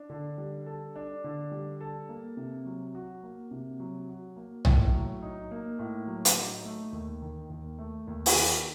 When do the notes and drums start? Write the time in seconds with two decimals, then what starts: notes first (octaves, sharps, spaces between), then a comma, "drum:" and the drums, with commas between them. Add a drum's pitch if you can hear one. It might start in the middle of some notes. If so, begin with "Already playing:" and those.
Already playing: D4
0.10 D3
0.38 G3
0.66 A4
0.96 D4
1.24 D3
1.52 G3
1.81 A4
2.09 A#3
2.37 C3
2.66 F#3
2.95 F#4
3.23 A#3
3.51 C3
3.80 F#3
4.09 F#4
4.36 A#3
4.65 A2, drum: tom
4.94 F#3
5.22 D#4
5.51 A#3
5.79 A2
6.07 F#3
6.25 drum: hi-hat
6.37 D#4
6.65 A3
6.92 D#2
7.22 D#3
7.50 D#2
7.78 A3
8.07 D#2
8.26 drum: open hi-hat
8.35 D#3